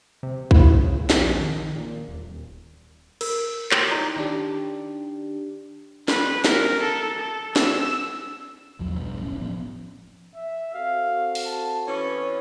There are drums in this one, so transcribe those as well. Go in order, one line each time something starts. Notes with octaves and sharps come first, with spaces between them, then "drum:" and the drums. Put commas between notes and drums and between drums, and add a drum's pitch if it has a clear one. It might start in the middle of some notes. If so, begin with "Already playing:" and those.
C3
E4, drum: kick B1
C#3
A#1, drum: snare
D#3
A#2
D#1
A#4, drum: cymbal
G4 A4 C#5 G5 C6, drum: clap
D#4 E4 C#5 D5
D#3 D4 G4
B4, drum: snare
A#4, drum: snare
A4
A4
E6, drum: snare
A#1 E2 F3 F#3
B1 G2
F1 A2 C#4
F3 B3
E5
C4 F#4 A4 F5
drum: open hi-hat
A5
E3 B3 C#4 C#5